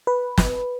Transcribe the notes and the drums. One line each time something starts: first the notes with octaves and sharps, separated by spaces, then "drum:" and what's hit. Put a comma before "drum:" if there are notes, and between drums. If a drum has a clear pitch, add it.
B4
drum: snare